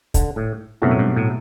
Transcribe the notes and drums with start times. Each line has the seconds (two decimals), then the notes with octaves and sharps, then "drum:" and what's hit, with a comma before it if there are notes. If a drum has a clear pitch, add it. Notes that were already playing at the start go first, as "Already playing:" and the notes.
0.14 D3, drum: kick, hi-hat
0.36 A2
0.82 F#2 B2 F#3 A3 C4 F#4
0.91 A2
0.99 G2
1.16 A2